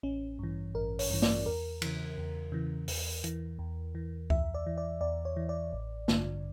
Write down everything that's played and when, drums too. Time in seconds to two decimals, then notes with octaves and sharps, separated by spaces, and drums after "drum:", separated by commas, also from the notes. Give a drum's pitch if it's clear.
0.03 A1 C#4
0.39 G2 E3
0.74 A1 A#4
0.99 C#5, drum: open hi-hat
1.10 G2 E3
1.22 D5, drum: snare A#3
1.45 E2 A#4
1.82 C#3 E3, drum: cymbal
2.18 E2
2.52 C#3 E3
2.88 E2, drum: open hi-hat
3.24 E3, drum: hi-hat
3.59 E2
3.95 E3
4.30 E2 E5, drum: kick C#2
4.54 D5
4.66 E3
4.78 D5
5.01 E2 D5
5.25 C#5
5.37 E3
5.49 D5
5.73 A1
6.08 G2 D3, drum: snare A#3